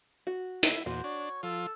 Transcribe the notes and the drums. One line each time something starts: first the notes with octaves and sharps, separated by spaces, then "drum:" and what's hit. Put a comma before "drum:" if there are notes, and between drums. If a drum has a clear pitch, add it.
F#4
E4, drum: hi-hat
E2 A#2 F#4 C5
D4 C#5
F3 F4 A4